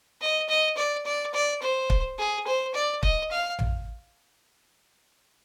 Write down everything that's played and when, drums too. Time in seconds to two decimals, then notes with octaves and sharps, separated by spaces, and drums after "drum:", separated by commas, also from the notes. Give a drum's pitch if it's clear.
0.21 D#5
0.49 D#5
0.77 D5
1.05 D5
1.33 D5
1.62 C5
1.90 drum: kick
2.18 G#4
2.47 C5
2.74 D5
3.03 D#5, drum: kick
3.31 F5
3.59 drum: tom A#1